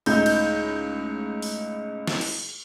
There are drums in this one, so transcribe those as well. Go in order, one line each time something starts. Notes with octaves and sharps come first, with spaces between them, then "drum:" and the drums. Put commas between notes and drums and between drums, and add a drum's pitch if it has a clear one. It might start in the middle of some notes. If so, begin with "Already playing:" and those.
C#2 A2 D#4 G6, drum: open hi-hat
drum: cymbal
drum: open hi-hat
drum: snare
drum: cymbal